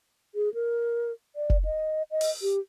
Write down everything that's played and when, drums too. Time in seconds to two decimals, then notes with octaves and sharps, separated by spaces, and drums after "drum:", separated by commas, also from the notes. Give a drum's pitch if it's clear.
0.35 G#4
0.54 A#4
1.36 D5
1.50 drum: kick F1
1.65 D#5
2.11 D#5
2.21 drum: open hi-hat
2.42 G4